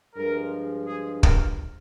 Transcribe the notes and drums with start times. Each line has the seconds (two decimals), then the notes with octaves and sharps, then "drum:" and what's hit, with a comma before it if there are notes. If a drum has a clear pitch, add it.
0.15 G2 F3 G#3 A#4
0.87 G#4
1.23 A#4, drum: kick